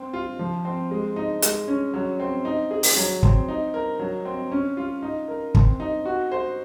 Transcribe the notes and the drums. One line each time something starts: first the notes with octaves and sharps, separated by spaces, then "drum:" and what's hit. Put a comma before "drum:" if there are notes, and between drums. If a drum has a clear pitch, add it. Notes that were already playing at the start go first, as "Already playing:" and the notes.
Already playing: C4
F4
F3
C4
G#3
D#4
G#3, drum: hi-hat
C#4
F#3
C4
D#4
G#4
drum: open hi-hat
F#3
C4, drum: kick
D#4
A#4
F#3
C4
C#4
F4
D#4
A#4
C4, drum: kick
D#4
F#4
C5